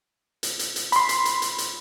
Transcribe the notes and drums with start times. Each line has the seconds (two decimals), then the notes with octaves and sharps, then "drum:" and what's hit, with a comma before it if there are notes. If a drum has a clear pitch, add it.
0.43 drum: hi-hat
0.59 drum: hi-hat
0.76 drum: hi-hat
0.92 B5 C6, drum: hi-hat
1.09 drum: hi-hat
1.25 drum: hi-hat
1.42 drum: hi-hat
1.58 drum: hi-hat